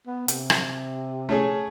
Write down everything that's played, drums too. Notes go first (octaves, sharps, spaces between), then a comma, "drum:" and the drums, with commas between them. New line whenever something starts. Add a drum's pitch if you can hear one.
B3
C3, drum: hi-hat
drum: rim click
A3 C#4 G#4